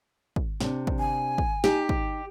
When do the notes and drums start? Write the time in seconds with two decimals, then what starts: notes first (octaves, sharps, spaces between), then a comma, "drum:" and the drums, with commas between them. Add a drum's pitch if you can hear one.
0.36 drum: kick
0.60 C3 D4, drum: snare
0.87 drum: kick
0.99 G#5
1.38 drum: kick
1.64 D#4 G4, drum: snare
1.89 drum: kick